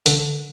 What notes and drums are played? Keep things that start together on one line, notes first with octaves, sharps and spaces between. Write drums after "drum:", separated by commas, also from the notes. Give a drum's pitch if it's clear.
D3, drum: hi-hat